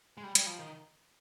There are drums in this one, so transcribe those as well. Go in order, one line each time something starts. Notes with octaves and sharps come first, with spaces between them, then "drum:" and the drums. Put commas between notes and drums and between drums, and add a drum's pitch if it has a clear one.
G#3
G3
G3, drum: hi-hat
F3
D#3